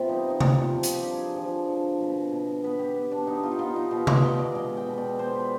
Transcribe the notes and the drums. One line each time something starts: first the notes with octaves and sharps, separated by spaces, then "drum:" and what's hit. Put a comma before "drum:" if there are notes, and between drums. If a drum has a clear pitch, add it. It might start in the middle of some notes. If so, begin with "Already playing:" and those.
Already playing: C3 B3 F4
G3 D#4
D#4
G3, drum: tom C3
F4
F3 G4
drum: hi-hat
G4
D3
G#4
F3
D3
B2
B2
B3 B4
G4
B3
D4
B3 D#4
F4
D#4
B3 F4
D#4
B2 F4
D#5, drum: tom C3
B2 D#5
D5
G#3 D#5
G5
B2
D5
B3 C5
B4